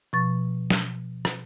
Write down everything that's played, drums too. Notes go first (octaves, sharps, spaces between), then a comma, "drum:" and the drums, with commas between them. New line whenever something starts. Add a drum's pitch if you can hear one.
B2 F3 C#6 A6
drum: snare
drum: rim click